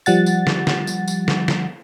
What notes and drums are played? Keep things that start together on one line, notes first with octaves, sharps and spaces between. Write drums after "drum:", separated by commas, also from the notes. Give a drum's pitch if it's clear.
F3 G3 F#5 A6, drum: tambourine
drum: tambourine
drum: snare
drum: snare
drum: tambourine
drum: tambourine
drum: snare
drum: snare